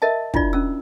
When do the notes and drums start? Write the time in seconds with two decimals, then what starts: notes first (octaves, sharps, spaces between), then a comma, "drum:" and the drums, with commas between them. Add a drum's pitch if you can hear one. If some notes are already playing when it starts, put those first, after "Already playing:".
0.02 A#4 D#5 E5 A5
0.34 D4 E4 F4 D5, drum: kick
0.53 C#4 E6